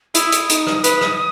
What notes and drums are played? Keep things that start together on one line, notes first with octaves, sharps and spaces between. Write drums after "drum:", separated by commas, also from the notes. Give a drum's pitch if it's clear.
E4 D#6, drum: hi-hat
drum: hi-hat
D#4, drum: hi-hat
drum: rim click
B4, drum: hi-hat
drum: rim click